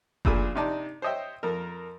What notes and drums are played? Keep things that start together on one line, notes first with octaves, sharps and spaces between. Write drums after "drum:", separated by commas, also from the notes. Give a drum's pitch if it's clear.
A#1 A#2 A3 G#4 B5, drum: kick F#1
C3 D4 D#4 D5 A5
C5 C#5 D#5 E5 G5
F2 A#4